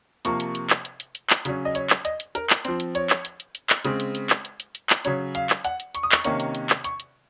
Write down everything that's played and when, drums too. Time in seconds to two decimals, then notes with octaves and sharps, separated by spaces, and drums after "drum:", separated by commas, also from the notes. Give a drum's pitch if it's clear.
0.25 C3 F3 A#3 C#6, drum: hi-hat
0.40 drum: hi-hat
0.55 drum: hi-hat
0.70 drum: clap
0.85 drum: hi-hat
1.00 drum: hi-hat
1.15 drum: hi-hat
1.30 drum: clap
1.45 C#3 F#3 C#4, drum: hi-hat
1.65 D#5
1.75 C#5, drum: hi-hat
1.90 drum: clap
2.05 D#5, drum: hi-hat
2.20 drum: hi-hat
2.35 A#4, drum: hi-hat
2.50 drum: clap
2.65 F3 C4 C5, drum: hi-hat
2.80 drum: hi-hat
2.95 C#5, drum: hi-hat
3.10 drum: clap
3.25 drum: hi-hat
3.40 drum: hi-hat
3.55 drum: hi-hat
3.70 drum: clap
3.85 C#3 G#3 C4, drum: hi-hat
4.00 drum: hi-hat
4.15 drum: hi-hat
4.30 drum: clap
4.45 drum: hi-hat
4.60 drum: hi-hat
4.75 drum: hi-hat
4.90 drum: clap
5.05 C#3 F#3 C#4 C#5, drum: hi-hat
5.35 F5, drum: hi-hat
5.50 drum: clap
5.65 F#5, drum: hi-hat
5.80 drum: hi-hat
5.95 C#6, drum: hi-hat
6.03 D#6
6.12 C#6, drum: clap
6.25 C3 D#3 A#3 C#4 C#6, drum: hi-hat
6.40 drum: hi-hat
6.55 drum: hi-hat
6.70 drum: clap
6.84 C#6, drum: hi-hat
7.00 drum: hi-hat